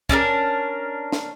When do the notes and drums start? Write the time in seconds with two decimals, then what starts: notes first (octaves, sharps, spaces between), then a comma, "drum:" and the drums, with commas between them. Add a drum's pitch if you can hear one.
0.09 C#4 D4 A4 A#4, drum: kick
1.12 drum: snare